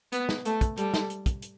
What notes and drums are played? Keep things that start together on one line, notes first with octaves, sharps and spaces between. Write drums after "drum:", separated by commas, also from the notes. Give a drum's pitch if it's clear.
B3, drum: hi-hat
drum: snare
A3 A4, drum: hi-hat
drum: kick, hi-hat
G3 A4, drum: hi-hat
drum: snare
drum: hi-hat
drum: kick, hi-hat
drum: hi-hat